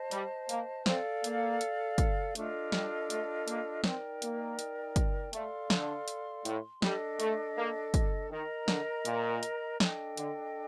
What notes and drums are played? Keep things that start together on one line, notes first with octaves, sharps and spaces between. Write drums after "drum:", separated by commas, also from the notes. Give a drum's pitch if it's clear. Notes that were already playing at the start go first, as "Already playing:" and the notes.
Already playing: C5 D#5 A5
G3, drum: hi-hat
A#3, drum: hi-hat
C4 A4 D5 F5, drum: snare
A#3, drum: hi-hat
drum: hi-hat
drum: kick, hi-hat
A3 D4 F4 A4 D#5, drum: hi-hat
G3, drum: snare
A3, drum: hi-hat
A#3, drum: hi-hat
C4 D#4 A#4 D5 G5, drum: snare
A#3, drum: hi-hat
drum: hi-hat
drum: kick, hi-hat
A3 A4 D5 F5 C6, drum: hi-hat
D3, drum: snare
drum: hi-hat
A2, drum: hi-hat
G3 D4 A4 D#5, drum: snare
A3, drum: hi-hat
A#3
drum: kick, hi-hat
D#3 A#4 D#5 A#5
D3, drum: snare
A#2, drum: hi-hat
drum: hi-hat
D4 A4 D#5 G5, drum: snare
D3, drum: hi-hat